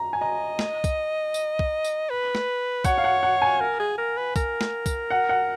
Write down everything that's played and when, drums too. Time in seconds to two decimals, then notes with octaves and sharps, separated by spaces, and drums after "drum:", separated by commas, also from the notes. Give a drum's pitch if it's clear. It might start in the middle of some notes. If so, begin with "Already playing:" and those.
Already playing: A#5
0.13 G#5
0.21 D#5 A#5
0.59 drum: snare
0.84 drum: kick, tambourine
1.34 drum: tambourine
1.59 drum: kick
1.84 drum: tambourine
2.10 B4
2.35 drum: snare
2.85 C#5 F#5, drum: kick, tambourine
2.98 F5
3.04 F#5
3.23 F#5
3.42 G#5
3.60 A#4
3.79 G#4
3.98 A#4
4.17 B4
4.36 A#4, drum: kick, tambourine
4.61 drum: snare
4.86 drum: kick, tambourine
5.10 F#5
5.29 F#5